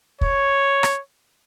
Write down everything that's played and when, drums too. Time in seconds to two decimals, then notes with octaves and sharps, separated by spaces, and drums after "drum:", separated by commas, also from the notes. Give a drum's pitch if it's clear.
0.21 C#5, drum: kick
0.83 drum: rim click